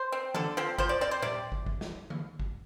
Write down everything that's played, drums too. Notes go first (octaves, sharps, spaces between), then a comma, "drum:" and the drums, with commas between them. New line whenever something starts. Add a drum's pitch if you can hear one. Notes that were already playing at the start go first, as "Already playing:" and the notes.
Already playing: C5
C4
D3 A4, drum: tom D3
F3 C4
F3 C5, drum: kick
D5
C4 D5
C5
C3 D5, drum: tom A#2
drum: kick
drum: kick
drum: snare
drum: tom D3
drum: kick